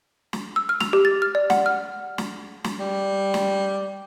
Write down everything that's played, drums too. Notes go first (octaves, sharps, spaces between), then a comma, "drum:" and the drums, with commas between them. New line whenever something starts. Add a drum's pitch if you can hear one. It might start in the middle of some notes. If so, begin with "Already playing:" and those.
drum: snare
E6
F6
F7, drum: snare
G4
A6
F6
D5
F#5, drum: snare
F6
drum: snare
drum: snare
G3
drum: snare